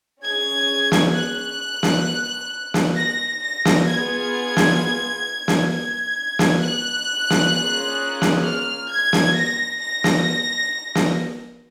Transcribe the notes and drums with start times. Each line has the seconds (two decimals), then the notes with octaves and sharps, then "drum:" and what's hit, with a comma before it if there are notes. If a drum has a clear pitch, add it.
0.23 C#4 G#4 G#6
0.92 drum: snare
1.15 F#6
1.83 drum: snare
2.74 drum: snare
2.97 A#6
3.43 A#6
3.65 drum: snare
3.88 B3 F4 G#4 G#6
4.57 drum: snare
5.48 drum: snare
5.71 G#6
6.39 drum: snare
6.62 F#6
7.30 drum: snare
7.53 A#3 C#4 F4 G#4
8.22 drum: snare
8.44 F6
8.90 G#6
9.13 drum: snare
9.36 A#6
9.81 A#6
10.04 drum: snare
10.95 drum: snare